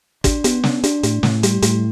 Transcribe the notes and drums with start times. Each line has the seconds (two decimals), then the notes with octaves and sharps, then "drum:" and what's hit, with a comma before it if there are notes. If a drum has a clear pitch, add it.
0.24 D4, drum: kick, hi-hat
0.44 B3, drum: hi-hat
0.63 D4, drum: snare
0.83 D4, drum: hi-hat
1.03 A2, drum: hi-hat
1.23 A2, drum: snare
1.43 G3, drum: hi-hat
1.62 A2, drum: hi-hat